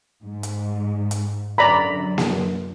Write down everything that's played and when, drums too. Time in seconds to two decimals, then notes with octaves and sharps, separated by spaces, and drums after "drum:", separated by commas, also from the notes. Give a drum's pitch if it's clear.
0.23 G#2
0.43 drum: hi-hat
1.11 drum: hi-hat
1.58 F#2 D3 D5 A#5 B5
2.18 drum: snare A#3